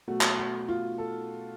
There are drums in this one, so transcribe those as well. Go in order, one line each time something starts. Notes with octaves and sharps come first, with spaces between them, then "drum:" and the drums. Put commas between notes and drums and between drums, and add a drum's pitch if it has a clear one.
B2 F#3 A3 F#4
drum: clap
F#4
F4
A4